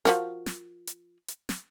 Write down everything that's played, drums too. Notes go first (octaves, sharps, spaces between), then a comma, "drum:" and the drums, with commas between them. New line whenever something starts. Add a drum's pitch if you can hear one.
F3 F#4 A#4, drum: snare
drum: snare
drum: hi-hat
drum: hi-hat
drum: snare